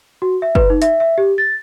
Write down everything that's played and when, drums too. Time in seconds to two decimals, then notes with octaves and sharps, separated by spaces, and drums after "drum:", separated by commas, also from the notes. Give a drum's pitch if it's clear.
0.22 F#4
0.42 E5
0.55 B4, drum: kick
0.70 D#4
0.82 E5, drum: hi-hat
1.00 E5
1.18 G4
1.38 A6